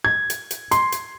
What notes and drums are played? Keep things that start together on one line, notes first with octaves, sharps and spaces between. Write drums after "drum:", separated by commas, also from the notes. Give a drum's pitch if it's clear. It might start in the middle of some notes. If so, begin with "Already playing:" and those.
G#6
drum: hi-hat
drum: hi-hat
C6, drum: hi-hat
drum: hi-hat